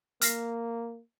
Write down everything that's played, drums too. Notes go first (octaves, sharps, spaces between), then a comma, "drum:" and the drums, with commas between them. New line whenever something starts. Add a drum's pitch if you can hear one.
A#3 F6 A#6 C7, drum: hi-hat